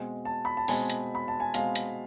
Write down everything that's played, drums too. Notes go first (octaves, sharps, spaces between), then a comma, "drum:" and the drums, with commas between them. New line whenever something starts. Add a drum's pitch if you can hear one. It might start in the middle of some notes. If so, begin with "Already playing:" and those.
Already playing: B2 G#3 C4
A5
B5
A5
B2 G#3 C4 G#5, drum: open hi-hat
drum: hi-hat
B5
A5
G#5
B2 G#3 C4 F5, drum: hi-hat
drum: hi-hat